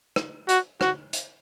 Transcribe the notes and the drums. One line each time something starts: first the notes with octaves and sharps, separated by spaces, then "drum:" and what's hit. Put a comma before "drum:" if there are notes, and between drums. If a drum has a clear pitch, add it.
drum: rim click
F#4, drum: hi-hat
F#4, drum: rim click
drum: hi-hat